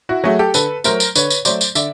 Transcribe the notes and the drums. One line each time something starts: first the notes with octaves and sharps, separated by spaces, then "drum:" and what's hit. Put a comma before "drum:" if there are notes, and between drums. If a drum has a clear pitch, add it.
E4 F#4
F#3 A3 F#4 G#4
G4 A4
D3 A4 B4, drum: tambourine
F#3 A3 A#4 C5, drum: tambourine
drum: tambourine
D3 B4 C#5, drum: tambourine
drum: tambourine
F#3 A3 C5 D5, drum: tambourine
drum: tambourine
D3 D5 E5, drum: tambourine